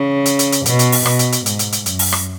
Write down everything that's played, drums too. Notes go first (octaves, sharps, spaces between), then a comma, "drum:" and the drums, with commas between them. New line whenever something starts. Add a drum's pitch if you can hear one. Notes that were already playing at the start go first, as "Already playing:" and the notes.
Already playing: C#3
drum: hi-hat
drum: hi-hat
drum: hi-hat
B2, drum: hi-hat
drum: hi-hat
drum: open hi-hat
B2, drum: rim click
drum: hi-hat
drum: hi-hat
G#2, drum: hi-hat
drum: hi-hat
drum: hi-hat
F#2, drum: hi-hat
drum: open hi-hat
drum: rim click